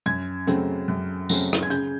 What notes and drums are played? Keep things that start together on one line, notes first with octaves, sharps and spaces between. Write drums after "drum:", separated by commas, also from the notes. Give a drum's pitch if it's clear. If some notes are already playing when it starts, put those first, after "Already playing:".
F#2 G#6
C#3 F#3 A3 C4, drum: hi-hat
F#2
C#3 F#3 A3 C4, drum: tambourine
drum: rim click
G#6
C#3 G6, drum: hi-hat